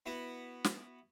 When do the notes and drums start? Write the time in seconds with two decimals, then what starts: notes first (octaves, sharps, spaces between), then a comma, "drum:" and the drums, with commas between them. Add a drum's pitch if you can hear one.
0.06 B3 E4 F#4
0.64 drum: snare